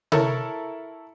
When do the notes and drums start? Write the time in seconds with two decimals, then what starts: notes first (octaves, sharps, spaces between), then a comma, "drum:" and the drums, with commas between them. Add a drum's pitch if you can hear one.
0.12 E4 A4 A#4 C#5, drum: tom C3